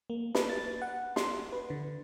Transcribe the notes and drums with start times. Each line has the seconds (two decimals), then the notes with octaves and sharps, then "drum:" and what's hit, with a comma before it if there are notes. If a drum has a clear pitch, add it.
0.10 A#3
0.35 B4, drum: snare
0.49 A6
0.82 F#5
1.16 C6, drum: snare
1.52 B4
1.70 D3